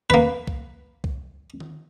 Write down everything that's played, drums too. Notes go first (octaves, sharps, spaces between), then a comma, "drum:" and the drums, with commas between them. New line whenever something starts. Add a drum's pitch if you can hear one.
A#3 B4, drum: tom E2
drum: kick
drum: kick
drum: tom D#3